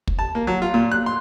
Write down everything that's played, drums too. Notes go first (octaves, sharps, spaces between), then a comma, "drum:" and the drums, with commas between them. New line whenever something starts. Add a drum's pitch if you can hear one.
drum: kick
A5
A#3
F#3
F4
A#2
F#6
C6